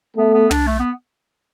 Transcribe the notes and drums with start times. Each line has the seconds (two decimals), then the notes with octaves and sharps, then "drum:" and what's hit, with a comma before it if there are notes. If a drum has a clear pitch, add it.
0.16 A3 B3
0.34 B3
0.51 D4, drum: tom
0.67 A3
0.80 B3